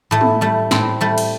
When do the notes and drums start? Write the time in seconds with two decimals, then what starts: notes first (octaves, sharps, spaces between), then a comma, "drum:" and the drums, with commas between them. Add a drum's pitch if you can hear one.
0.11 A2 A3
0.21 drum: tom
0.41 G3 A3
0.71 A2 C4, drum: snare
1.01 G3 A3
1.18 drum: cymbal